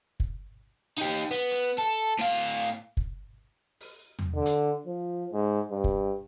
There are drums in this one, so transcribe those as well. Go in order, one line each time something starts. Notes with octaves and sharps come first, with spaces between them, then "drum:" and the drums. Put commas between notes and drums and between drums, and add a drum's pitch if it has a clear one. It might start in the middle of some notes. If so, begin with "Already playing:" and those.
drum: kick
D#4 G4
B3, drum: hi-hat
drum: hi-hat
A4
A2 F5
drum: kick
drum: open hi-hat
drum: tom E2
D3
drum: hi-hat
F3
G#2
G2
drum: kick